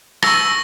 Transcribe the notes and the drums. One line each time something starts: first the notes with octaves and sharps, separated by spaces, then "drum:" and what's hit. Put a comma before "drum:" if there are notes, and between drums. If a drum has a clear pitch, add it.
C#6 E6 A#6, drum: rim click